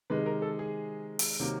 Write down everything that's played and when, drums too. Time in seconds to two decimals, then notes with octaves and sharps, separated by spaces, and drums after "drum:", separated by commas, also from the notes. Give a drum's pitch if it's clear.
0.10 C3 D#3 G#3 B4
0.26 A#4
0.42 A4
0.59 G#4
1.19 drum: open hi-hat
1.40 C3 D#3 F#3 A#3